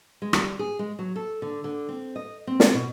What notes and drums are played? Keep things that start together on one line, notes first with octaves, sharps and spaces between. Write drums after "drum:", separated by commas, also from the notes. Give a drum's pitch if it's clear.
G#3
G3, drum: rim click
G#4
G#3
F#3
A4
D3
D3
C4
D#5
C4
drum: snare
B2